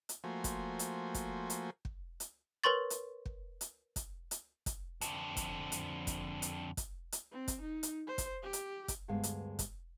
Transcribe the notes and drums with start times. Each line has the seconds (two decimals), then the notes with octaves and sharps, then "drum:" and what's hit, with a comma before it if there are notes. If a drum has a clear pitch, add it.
0.09 drum: hi-hat
0.24 F3 A3 A#3 F#4 C5 G#5
0.44 drum: kick, hi-hat
0.79 drum: hi-hat
1.14 drum: kick, hi-hat
1.50 drum: hi-hat
1.85 drum: kick
2.20 drum: hi-hat
2.64 A#4 B4 C#5 C6 C#6 A6
2.90 drum: hi-hat
3.26 drum: kick
3.61 drum: hi-hat
3.96 drum: kick, hi-hat
4.31 drum: hi-hat
4.66 drum: kick, hi-hat
5.01 F2 D3, drum: hi-hat
5.37 drum: kick, hi-hat
5.72 drum: hi-hat
6.07 drum: kick, hi-hat
6.42 drum: hi-hat
6.77 drum: kick, hi-hat
7.12 drum: hi-hat
7.32 C4
7.48 drum: kick, hi-hat
7.62 D#4
7.83 drum: hi-hat
8.07 C5
8.18 drum: kick, hi-hat
8.43 G4
8.53 drum: hi-hat
8.88 drum: kick, hi-hat
9.08 D2 G2 G#3 B3 F5
9.23 drum: hi-hat
9.59 drum: kick, hi-hat